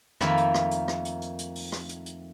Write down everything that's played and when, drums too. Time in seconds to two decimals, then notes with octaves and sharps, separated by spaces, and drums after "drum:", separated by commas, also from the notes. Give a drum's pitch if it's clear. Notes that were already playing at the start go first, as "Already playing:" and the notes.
0.21 F2 D#3 A3 A#3 E5 B5, drum: rim click
0.37 drum: hi-hat
0.54 drum: rim click
0.71 drum: hi-hat
0.88 drum: rim click
1.05 drum: hi-hat
1.22 drum: hi-hat
1.39 drum: hi-hat
1.55 drum: open hi-hat
1.72 drum: rim click
1.89 drum: hi-hat
2.06 drum: hi-hat